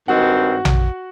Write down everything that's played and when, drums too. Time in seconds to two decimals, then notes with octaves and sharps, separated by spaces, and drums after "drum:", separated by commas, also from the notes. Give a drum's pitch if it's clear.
0.08 G2 D#3 G#3 C4 F#4 F#5
0.65 drum: tom A#1